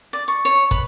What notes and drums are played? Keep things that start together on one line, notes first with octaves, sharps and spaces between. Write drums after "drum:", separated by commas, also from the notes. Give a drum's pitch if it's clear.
D5
C#6
C#5
B4, drum: kick